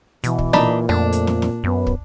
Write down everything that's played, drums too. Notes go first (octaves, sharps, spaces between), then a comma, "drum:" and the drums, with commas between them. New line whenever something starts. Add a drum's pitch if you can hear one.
B2 E3, drum: hi-hat
drum: kick
A#2 D4 D#4 B5, drum: snare
F2 A3 D4
drum: hi-hat
drum: snare
drum: snare
F#2 B3
drum: kick